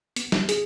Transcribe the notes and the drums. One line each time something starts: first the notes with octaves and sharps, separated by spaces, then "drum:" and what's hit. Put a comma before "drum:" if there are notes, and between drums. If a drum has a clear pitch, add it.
B3, drum: hi-hat
drum: snare
G#4, drum: hi-hat